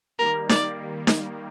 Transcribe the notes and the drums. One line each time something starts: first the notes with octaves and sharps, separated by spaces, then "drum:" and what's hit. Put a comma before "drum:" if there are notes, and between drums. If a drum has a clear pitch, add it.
D#3 G3 A#3 A#4
D5, drum: snare D#4
drum: snare D#4